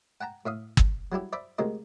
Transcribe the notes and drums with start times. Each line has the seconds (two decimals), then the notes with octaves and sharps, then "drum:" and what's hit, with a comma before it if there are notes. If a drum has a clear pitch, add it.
0.21 F#5 G5 A5 A#5
0.46 A2 E5 F5 D#6
0.77 drum: kick
1.12 F#3 G3 E4 G4
1.33 C5 D5 E5 B5 D6
1.58 D2 C3 D#3 G#3 D#4 C5